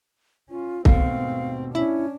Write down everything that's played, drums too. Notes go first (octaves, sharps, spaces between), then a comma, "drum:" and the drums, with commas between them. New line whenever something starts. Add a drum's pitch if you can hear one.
C#4 F4
D#2 G#2 B2 A3 C4 F5, drum: kick C2
C#4 D4 E4